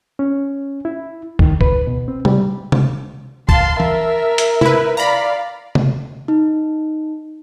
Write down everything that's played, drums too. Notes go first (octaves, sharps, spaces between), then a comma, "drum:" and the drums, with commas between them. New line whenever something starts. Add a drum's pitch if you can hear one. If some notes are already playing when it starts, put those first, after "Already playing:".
C#4
E4
D#3, drum: kick
B4, drum: kick
B2
C4
G3, drum: tom C3
drum: tom C3
F5 A5 C6, drum: kick
A#4 E5, drum: tom E3
drum: hi-hat
E4 B4, drum: tom C3
D5 F5 A#5 B5
drum: tom C3
D#4